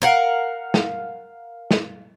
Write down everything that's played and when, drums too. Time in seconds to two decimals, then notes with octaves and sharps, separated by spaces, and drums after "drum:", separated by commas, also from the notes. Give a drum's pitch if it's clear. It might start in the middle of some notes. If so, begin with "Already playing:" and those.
0.02 A#4 F5 F#5
0.74 drum: snare
1.71 drum: snare